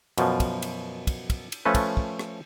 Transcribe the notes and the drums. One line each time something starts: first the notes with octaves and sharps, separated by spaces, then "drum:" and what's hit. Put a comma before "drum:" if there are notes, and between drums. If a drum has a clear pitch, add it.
F#2 B2 F3, drum: cymbal
drum: kick, cymbal
drum: cymbal
drum: kick, cymbal
drum: kick, cymbal
drum: cymbal
F3 A3 C#4 A4 B4
drum: kick, cymbal
drum: kick
drum: rim click